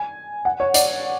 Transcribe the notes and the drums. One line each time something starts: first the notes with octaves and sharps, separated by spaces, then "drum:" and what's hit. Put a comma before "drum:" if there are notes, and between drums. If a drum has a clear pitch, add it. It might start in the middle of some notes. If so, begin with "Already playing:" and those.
Already playing: G#5
F#5
C#5
D5, drum: hi-hat